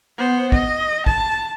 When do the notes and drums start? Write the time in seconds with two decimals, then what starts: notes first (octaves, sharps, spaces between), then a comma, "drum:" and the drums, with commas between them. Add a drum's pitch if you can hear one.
0.18 B3 C5
0.52 D#5, drum: kick
1.06 A5, drum: kick